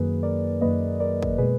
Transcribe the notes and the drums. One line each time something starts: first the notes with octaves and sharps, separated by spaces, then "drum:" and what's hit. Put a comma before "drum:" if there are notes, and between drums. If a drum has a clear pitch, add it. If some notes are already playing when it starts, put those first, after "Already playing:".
Already playing: F#2 D#3 F#3 A#3 G#4 B4
A#4 D5
F#2 D#3 F#3 A#3 B4 D#5
A#4 D5
drum: kick
B2 G#3 G#4 B4